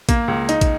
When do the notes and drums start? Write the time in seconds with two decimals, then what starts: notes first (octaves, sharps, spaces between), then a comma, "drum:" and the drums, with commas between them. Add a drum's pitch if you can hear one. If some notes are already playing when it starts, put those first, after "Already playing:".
0.09 A#3, drum: kick, hi-hat
0.28 C#2
0.49 D#4, drum: hi-hat
0.61 drum: kick, hi-hat